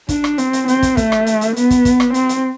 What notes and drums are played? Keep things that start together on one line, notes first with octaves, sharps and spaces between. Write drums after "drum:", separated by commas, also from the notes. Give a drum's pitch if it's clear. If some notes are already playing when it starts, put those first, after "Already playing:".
D4, drum: kick, hi-hat
drum: rim click
C4, drum: hi-hat
drum: hi-hat
C4, drum: hi-hat
drum: kick, hi-hat
A3, drum: kick, hi-hat
drum: rim click
drum: hi-hat
drum: hi-hat
B3, drum: hi-hat
drum: kick, hi-hat
drum: kick, hi-hat
drum: rim click
C4, drum: hi-hat
drum: hi-hat